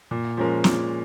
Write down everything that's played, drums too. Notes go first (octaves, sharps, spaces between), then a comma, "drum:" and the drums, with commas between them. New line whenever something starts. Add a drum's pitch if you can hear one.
A#2
F3 G#3 C#4 A#4
A#2, drum: snare